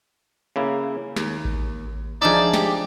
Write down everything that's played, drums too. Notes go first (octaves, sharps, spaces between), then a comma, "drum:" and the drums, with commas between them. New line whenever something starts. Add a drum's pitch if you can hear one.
C#3 A#3 E4
D#2, drum: snare
drum: kick A1
F3 D4 D#4 G#4 D5 E5
G4, drum: snare